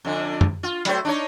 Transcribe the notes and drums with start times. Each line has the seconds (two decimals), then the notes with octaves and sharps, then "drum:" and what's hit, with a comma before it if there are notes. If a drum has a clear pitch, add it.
0.05 F2 D3
0.41 drum: tom
0.63 F4
0.85 F#3 A3 C5, drum: hi-hat
1.05 D4 D#4 C#5